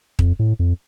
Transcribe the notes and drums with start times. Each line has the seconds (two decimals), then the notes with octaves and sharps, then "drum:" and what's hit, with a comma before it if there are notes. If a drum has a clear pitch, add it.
0.19 F2, drum: kick D#1
0.39 A2
0.59 F2